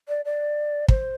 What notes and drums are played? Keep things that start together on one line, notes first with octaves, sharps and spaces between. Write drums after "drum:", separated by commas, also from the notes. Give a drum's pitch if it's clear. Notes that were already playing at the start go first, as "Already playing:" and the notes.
D5
D5
C5, drum: kick